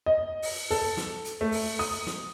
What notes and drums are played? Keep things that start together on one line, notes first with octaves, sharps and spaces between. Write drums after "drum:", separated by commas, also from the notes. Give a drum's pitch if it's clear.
D#5
drum: open hi-hat
A4, drum: open hi-hat
drum: snare
drum: hi-hat
A3
drum: open hi-hat
D#6, drum: open hi-hat
drum: snare